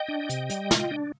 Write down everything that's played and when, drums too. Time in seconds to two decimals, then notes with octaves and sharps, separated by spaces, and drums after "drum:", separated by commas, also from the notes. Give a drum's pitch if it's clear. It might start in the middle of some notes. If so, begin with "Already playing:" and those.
Already playing: D#5 G5
0.08 D4
0.29 C3, drum: hi-hat
0.50 G3, drum: hi-hat
0.71 F4, drum: snare
0.91 D4